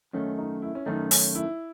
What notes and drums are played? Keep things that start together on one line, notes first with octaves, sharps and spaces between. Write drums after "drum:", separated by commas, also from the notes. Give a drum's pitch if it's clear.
F#2 D#3 A3 C#4
D#4
E4
C#4
F#2 D#3 A3 D#4
C#4, drum: open hi-hat
E4